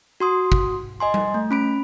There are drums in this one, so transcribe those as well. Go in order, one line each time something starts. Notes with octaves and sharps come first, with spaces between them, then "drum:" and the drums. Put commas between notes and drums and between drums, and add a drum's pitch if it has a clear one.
F#4 C6 D#6
drum: kick
D#5 G#5 C6
drum: tom G3
A3
C#4 B5 D7